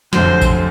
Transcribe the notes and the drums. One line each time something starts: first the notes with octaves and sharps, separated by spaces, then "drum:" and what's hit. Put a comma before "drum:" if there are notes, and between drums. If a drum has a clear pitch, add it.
F1 F2 D3 F#3 C5, drum: snare
drum: kick A1, tambourine